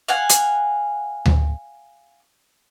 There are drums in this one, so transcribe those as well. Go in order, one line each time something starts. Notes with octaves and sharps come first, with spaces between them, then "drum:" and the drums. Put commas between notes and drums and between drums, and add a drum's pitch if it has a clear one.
F5 F#5 G#5
drum: hi-hat
drum: tom D2